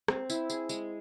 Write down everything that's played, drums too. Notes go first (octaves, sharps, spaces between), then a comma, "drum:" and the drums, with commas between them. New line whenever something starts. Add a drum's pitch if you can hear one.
C4, drum: rim click
E4, drum: tambourine
G#4, drum: tambourine
G#3, drum: tambourine